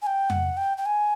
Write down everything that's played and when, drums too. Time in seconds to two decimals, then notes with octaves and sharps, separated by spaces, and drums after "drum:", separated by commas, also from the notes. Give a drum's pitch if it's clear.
0.02 G#5
0.07 G5
0.30 F#5, drum: tom F2
0.57 G5
0.77 G5
0.86 G#5